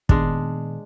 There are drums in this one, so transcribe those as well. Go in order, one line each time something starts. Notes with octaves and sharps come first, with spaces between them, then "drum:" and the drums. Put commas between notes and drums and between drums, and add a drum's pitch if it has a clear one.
A#2 D#3 G#3 B3 D4, drum: kick